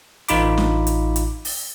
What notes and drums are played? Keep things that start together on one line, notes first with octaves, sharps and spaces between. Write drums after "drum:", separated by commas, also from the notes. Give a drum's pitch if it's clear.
A1 D#4 F4 B5 D6, drum: hi-hat
drum: snare
drum: hi-hat
drum: hi-hat
drum: open hi-hat